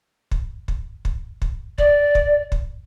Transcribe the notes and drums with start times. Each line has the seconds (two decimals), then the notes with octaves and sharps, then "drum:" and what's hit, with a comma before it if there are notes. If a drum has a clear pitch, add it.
0.31 drum: kick
0.68 drum: kick
1.05 drum: kick
1.42 drum: kick
1.78 D5, drum: kick
2.15 drum: kick
2.52 drum: kick